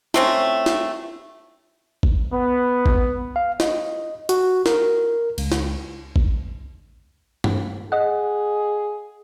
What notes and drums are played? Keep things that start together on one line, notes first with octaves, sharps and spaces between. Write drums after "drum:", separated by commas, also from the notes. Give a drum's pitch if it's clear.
A3 C4 C#4, drum: snare
drum: snare
drum: kick G#1
B3
drum: kick G#1
F5
D#5, drum: snare
F#4, drum: hi-hat
A#4, drum: snare
C#2, drum: cymbal
drum: snare
drum: kick G#1
drum: tom
G#4 D#5 F#5